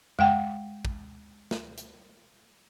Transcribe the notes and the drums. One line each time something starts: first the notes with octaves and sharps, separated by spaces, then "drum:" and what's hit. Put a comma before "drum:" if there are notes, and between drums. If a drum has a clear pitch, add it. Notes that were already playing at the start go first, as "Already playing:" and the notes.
G#3 F#5 G5, drum: tom F2
drum: kick
drum: snare
drum: hi-hat